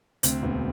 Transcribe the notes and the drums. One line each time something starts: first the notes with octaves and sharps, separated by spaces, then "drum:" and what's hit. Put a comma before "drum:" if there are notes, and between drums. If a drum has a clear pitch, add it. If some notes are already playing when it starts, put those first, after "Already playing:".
D2 C4, drum: hi-hat
E1 B3